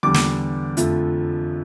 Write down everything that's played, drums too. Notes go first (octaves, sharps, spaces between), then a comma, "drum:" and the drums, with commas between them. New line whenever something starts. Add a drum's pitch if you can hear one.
E2 D3 G3 D6
drum: snare
F2 D3 F3 A3, drum: hi-hat